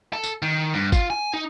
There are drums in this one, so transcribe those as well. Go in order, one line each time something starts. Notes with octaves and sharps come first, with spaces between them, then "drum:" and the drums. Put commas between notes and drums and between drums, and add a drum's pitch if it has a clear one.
A4
drum: tambourine
D#3
G2
F4, drum: kick G1, tambourine
G#5
D#4